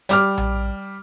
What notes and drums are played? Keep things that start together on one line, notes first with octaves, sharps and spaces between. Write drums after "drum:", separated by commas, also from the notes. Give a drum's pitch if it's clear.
G3 D6 F6, drum: hi-hat
drum: tom A#1